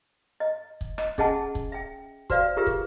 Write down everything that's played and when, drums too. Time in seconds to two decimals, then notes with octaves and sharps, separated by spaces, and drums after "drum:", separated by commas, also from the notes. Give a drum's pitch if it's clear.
0.40 D#5
0.81 drum: kick
0.98 D#5, drum: rim click
1.18 C#4 G#4 D#5 F#5 G#5 A5, drum: kick
1.55 drum: kick
1.72 E5 G5
2.30 F#4 B4 C5 D5 F5, drum: kick
2.57 F4 G4 G#4 A#4 B4 E5
2.67 drum: kick